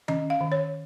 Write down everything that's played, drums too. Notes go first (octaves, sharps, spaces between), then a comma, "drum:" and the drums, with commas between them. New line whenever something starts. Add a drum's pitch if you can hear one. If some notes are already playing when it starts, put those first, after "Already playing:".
C#4 D#5, drum: tom D#3
F5
D#3
C#5